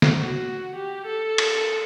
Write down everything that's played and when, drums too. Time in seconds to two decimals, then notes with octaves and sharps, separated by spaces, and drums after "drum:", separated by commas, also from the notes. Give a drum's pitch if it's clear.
0.02 drum: snare
0.17 F#4
0.76 G4
1.07 A4
1.38 drum: cymbal